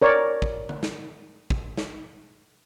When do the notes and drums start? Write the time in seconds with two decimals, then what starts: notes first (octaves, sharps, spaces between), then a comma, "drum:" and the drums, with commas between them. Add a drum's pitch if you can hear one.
0.02 A#4 C#5 D5
0.42 drum: kick
0.69 drum: tom D3
0.83 drum: snare
1.50 drum: kick
1.77 drum: snare